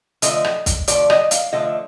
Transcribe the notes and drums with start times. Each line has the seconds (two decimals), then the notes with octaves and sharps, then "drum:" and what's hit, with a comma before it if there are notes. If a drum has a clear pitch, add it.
0.22 D3 F3 A3 D#5, drum: hi-hat
0.44 drum: rim click
0.66 drum: kick, hi-hat
0.87 D3 F3 A3 D5, drum: hi-hat
1.10 D#5, drum: rim click
1.31 F5, drum: hi-hat
1.53 D3 F3 A3 D#5